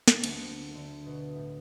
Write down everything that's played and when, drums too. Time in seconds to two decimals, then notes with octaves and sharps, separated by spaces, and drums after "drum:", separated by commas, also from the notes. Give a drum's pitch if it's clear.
0.08 drum: snare
0.24 D2, drum: cymbal
0.76 D3
1.06 B2
1.36 A2